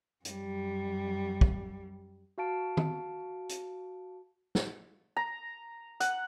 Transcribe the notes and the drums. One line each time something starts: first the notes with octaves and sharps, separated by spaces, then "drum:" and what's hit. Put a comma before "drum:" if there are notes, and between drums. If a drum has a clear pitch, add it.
F#2 G3, drum: hi-hat
drum: kick
F#4 F5 A5 D7
drum: tom D#3
drum: hi-hat
drum: snare
A#5
F#5, drum: hi-hat